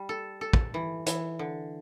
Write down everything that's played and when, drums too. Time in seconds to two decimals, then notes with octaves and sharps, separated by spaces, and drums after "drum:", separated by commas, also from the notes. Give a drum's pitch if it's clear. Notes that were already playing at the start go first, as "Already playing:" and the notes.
Already playing: G3
0.09 A4
0.41 A4
0.53 drum: kick
0.74 E3
1.06 E3, drum: hi-hat
1.39 D3